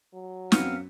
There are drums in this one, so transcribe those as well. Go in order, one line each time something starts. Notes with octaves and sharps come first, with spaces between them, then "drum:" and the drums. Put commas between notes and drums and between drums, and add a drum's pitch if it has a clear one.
F#3
F#2 B3 C4 F5, drum: snare